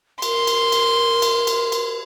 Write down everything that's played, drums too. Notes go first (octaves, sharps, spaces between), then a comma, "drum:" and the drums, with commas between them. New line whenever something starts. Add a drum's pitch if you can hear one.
A#4 C6, drum: cymbal
drum: cymbal
drum: cymbal
drum: cymbal
drum: cymbal
drum: cymbal